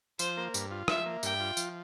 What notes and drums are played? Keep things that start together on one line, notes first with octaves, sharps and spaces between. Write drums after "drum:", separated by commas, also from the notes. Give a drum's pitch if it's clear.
F3 C5, drum: tambourine
A#3
G2, drum: tambourine
F4
F3 E5, drum: rim click
A#3
G2 G5, drum: tambourine
F4
F3, drum: tambourine